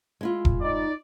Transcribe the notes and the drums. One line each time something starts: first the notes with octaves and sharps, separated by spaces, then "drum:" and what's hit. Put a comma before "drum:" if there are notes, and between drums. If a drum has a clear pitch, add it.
G#3 E4 F4
drum: kick E1
D#4 D5